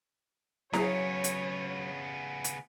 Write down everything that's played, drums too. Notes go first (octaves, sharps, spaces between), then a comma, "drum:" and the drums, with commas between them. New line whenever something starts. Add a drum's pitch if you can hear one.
C#3 F#3 B3 G#4 C#5 A#5, drum: snare E4
drum: hi-hat
drum: hi-hat